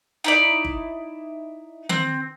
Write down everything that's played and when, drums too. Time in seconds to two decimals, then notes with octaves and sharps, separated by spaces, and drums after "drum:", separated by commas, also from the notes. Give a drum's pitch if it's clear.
0.24 D#4 E4 D5
0.65 drum: kick G1
1.89 C4, drum: tom D#3